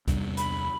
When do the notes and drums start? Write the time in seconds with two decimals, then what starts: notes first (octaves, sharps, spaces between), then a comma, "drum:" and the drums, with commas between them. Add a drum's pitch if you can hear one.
0.08 E2 C3 G3 D4, drum: kick, hi-hat
0.37 B5, drum: hi-hat